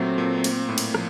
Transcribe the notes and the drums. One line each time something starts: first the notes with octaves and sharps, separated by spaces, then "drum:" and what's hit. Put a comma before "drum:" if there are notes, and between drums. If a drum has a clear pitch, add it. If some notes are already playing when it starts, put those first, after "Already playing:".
Already playing: A#2 F#3 A3 C4
A#2
A#3, drum: cymbal
A2
drum: cymbal
F3, drum: rim click